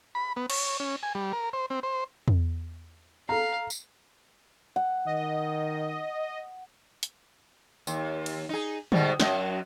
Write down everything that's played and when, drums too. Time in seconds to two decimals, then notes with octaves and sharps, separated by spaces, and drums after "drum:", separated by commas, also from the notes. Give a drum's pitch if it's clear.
0.15 B5
0.36 B3
0.50 C#5, drum: cymbal
0.80 C#4
1.03 G#5
1.15 G3
1.33 A#4
1.53 C5
1.70 C4
1.83 C5
2.28 drum: tom E2
3.29 A4 F5 A#5
3.70 drum: tambourine
4.76 F#5
5.06 D#3 D#5
7.03 drum: hi-hat
7.87 D#2, drum: tambourine
8.26 drum: cymbal
8.49 D#4 G#4
8.92 G#2 B2 G3, drum: tom D3
9.20 F#2 F#3 D#5, drum: snare